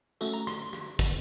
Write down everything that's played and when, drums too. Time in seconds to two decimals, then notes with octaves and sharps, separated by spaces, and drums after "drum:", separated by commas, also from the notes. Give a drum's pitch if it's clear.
0.21 A3 C#4 F#4 A4, drum: tambourine
0.34 A#5
0.47 C6, drum: rim click
0.73 drum: rim click
0.99 drum: kick, tambourine